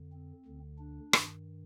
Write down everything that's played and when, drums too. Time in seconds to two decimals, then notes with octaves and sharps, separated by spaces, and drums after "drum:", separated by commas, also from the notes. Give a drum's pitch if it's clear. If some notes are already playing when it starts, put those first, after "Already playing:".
Already playing: F2 D3
0.12 C4
0.46 D2 D3
0.79 D4
1.13 G2 D#3, drum: rim click